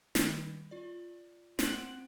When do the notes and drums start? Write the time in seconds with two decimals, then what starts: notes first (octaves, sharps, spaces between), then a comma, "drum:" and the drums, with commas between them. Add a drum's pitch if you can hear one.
0.15 D#3 G3 D#4, drum: snare
0.71 F4 D5
1.59 C4 F#5, drum: snare